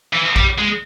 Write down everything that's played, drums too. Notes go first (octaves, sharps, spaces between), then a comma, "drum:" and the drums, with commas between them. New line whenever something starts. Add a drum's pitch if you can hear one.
E3
G3, drum: kick A#1
G#3